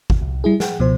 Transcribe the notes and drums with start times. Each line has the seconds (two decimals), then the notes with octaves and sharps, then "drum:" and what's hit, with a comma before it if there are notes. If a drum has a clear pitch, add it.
0.10 drum: kick
0.22 C2
0.44 G3 E4 G#4
0.60 G#4 F#5 G5, drum: snare
0.79 C#2 B2 F3 C5